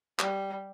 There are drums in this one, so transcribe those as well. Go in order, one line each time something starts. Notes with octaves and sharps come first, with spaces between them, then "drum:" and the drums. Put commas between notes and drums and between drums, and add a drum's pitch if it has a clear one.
G3, drum: clap